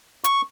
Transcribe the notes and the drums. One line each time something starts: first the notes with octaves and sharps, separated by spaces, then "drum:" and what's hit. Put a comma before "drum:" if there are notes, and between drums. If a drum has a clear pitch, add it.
C#6, drum: hi-hat